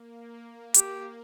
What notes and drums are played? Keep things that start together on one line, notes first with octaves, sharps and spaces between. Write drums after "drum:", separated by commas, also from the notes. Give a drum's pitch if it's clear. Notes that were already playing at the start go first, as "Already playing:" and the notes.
Already playing: A#3
G4, drum: hi-hat